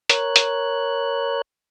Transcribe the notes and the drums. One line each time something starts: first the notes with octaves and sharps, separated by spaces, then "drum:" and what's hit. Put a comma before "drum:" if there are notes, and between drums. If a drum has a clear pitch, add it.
A#4 C#5 F#6, drum: hi-hat
drum: hi-hat